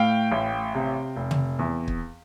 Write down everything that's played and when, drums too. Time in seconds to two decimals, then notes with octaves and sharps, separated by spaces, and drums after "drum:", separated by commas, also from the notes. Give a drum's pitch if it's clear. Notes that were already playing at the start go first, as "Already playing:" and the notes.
Already playing: A2 F5 G5
0.32 A1
0.75 C3
1.16 F1
1.31 drum: tom
1.59 E2
1.88 drum: kick